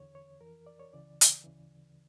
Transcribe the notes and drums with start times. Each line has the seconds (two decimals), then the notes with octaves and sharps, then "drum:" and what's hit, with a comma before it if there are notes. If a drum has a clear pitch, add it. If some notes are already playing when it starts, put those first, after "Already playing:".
Already playing: E2 D3 C#5
0.15 C#5
0.40 F2 E3 A#4
0.67 D5
0.79 C#5
0.93 C#2 C#3 E3 D5
1.21 drum: hi-hat
1.44 D2 C#3 E3